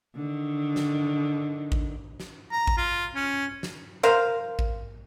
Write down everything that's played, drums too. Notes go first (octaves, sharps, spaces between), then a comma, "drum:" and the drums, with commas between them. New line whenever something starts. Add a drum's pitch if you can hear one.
D3 D#3
drum: snare
drum: kick A1
drum: snare
A#5
drum: kick A1
F4
C#4
drum: snare
A#4 C5 F5
drum: kick A1